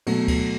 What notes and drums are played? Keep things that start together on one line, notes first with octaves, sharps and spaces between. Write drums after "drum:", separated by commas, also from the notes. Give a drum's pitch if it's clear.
B2 F#3 A3, drum: cymbal
drum: kick C#2, cymbal